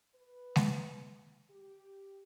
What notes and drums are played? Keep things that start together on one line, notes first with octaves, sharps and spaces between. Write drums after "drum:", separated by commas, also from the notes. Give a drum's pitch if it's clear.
B4
drum: snare G#3
G4